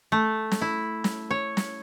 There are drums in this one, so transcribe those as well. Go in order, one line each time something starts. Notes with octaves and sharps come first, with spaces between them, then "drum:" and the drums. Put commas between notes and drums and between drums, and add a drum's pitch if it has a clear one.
A3
drum: snare
E4
drum: snare
C#5
drum: snare